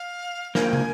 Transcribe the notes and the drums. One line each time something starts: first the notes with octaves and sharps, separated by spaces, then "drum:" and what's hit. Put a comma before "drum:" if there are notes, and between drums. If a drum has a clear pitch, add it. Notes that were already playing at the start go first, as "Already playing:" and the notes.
Already playing: F5
G2 F3 A#3 G#5, drum: snare
G5
G#5, drum: tom